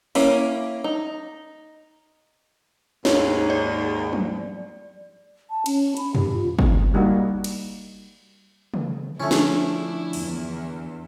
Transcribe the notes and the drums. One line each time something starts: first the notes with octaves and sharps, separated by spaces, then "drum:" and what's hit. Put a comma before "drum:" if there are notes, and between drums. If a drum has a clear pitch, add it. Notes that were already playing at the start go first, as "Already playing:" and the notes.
A#3 C#4 E4, drum: open hi-hat
D#4
D#2 G#2 C#5, drum: snare
D5
drum: tom F3
A5
C#4, drum: cymbal
B5, drum: hi-hat
G4, drum: tom F2
F4
C4, drum: kick
G3 A#3 D#4 F#4
drum: cymbal
drum: tom C#3
D3 F3 A3 C#4 D4 E4
drum: snare
E2, drum: open hi-hat